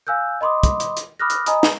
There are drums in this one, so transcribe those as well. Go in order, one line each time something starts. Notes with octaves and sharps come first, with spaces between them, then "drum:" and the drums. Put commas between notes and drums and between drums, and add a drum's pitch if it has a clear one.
F5 G#5 E6 F#6 G6
D#5 B5 C6 D6 D#6
drum: kick, hi-hat
drum: hi-hat
drum: hi-hat
B5 D6 D#6 F6 F#6 A#6
drum: hi-hat
D#5 G#5 A#5 B5 D#6, drum: hi-hat
drum: snare